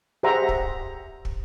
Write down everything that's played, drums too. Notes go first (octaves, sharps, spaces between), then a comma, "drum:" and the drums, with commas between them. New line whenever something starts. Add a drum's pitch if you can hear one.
G4 G#4 C5 E5 F#5 A#5
drum: kick
drum: kick